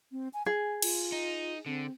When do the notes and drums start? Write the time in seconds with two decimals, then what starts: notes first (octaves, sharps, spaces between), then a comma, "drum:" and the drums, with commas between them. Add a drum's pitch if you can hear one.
0.12 C4
0.34 G#5
0.46 G#4 G#5
0.82 F4, drum: cymbal
1.12 D#4
1.66 D3 C4